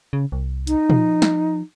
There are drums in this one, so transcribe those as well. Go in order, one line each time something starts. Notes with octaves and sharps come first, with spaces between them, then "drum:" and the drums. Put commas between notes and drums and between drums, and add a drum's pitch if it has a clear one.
C#3
C2
D#4, drum: hi-hat
F3, drum: tom A#2
drum: snare